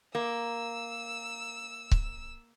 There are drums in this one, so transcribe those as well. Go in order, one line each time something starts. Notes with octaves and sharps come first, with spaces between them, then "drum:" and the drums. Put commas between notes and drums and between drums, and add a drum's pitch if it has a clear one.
A#3 E6
drum: kick C#1